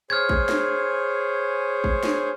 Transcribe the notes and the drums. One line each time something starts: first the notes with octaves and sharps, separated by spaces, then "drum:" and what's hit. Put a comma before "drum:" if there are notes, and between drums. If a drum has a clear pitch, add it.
G#4 C5 C#5 F6 G#6
drum: kick
drum: snare
drum: kick
drum: snare